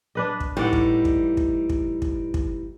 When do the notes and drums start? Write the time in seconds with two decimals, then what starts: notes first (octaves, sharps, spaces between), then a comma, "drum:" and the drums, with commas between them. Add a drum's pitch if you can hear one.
0.15 D4 B4 D#5
0.40 drum: kick
0.57 A2 E3 G3 D#4 D5 F#5
0.73 drum: kick
1.05 drum: kick
1.37 drum: kick
1.70 drum: kick
2.02 drum: kick
2.34 drum: kick